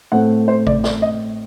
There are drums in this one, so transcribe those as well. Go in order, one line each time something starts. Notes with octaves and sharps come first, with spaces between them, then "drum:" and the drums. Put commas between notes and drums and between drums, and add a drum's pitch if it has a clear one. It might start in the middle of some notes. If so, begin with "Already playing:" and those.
A2 A3 C4 F#5
C5
D5, drum: kick
D5, drum: snare
D#5